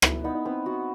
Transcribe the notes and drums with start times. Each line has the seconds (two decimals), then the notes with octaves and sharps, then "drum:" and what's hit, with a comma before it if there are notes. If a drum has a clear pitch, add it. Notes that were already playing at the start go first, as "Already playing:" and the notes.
0.02 E4 B4, drum: rim click
0.24 B3 D#4
0.35 D#4
0.45 B3 C4
0.66 F#4